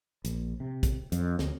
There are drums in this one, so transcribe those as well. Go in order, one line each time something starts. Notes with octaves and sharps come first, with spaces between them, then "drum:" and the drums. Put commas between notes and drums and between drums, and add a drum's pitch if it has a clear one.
A#1, drum: hi-hat
C3
drum: kick, hi-hat
F2, drum: hi-hat
D2, drum: snare